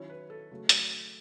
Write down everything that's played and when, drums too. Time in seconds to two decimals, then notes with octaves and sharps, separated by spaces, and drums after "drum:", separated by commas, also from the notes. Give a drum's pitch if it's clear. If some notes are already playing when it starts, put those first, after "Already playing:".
Already playing: D#3 F#3 C#4 E4 C#5
0.10 B4
0.30 A4
0.51 C#3 F#3 A3
0.69 drum: hi-hat